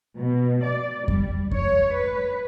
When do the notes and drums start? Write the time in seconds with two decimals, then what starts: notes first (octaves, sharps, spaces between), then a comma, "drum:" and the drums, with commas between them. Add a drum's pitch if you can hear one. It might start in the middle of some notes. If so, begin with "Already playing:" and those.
0.20 B2
0.64 D5
1.08 G3, drum: kick F2
1.51 C#5, drum: kick F2
1.92 B4